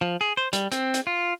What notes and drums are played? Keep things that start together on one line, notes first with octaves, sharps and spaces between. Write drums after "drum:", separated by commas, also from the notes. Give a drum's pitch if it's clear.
F3
G#4
C5
G3, drum: hi-hat
C4, drum: hi-hat
drum: hi-hat
F4